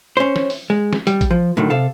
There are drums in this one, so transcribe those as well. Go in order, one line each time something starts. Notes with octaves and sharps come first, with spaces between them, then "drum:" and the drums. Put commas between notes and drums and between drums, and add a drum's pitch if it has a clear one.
C#4 C5
drum: snare
drum: open hi-hat
G#3
drum: snare
G3, drum: hi-hat
drum: kick A1, hi-hat
F3
A2 D3 D#3 F#3
C3 A4 F5